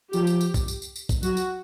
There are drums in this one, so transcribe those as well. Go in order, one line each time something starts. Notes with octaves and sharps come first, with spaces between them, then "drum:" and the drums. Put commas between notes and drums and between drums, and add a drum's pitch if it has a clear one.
F3 G4, drum: tambourine
drum: tambourine
drum: tambourine
drum: kick, tambourine
drum: tambourine
drum: tambourine
drum: tambourine
drum: kick, tambourine
F#3 F#4, drum: tambourine
drum: tambourine